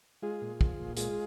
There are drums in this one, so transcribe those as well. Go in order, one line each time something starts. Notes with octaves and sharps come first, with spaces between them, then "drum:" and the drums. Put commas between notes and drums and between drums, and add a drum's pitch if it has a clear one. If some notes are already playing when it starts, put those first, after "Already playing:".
G#3 F4 G#4
A#2
F3, drum: kick
A#2
G#3 F4 G#4, drum: hi-hat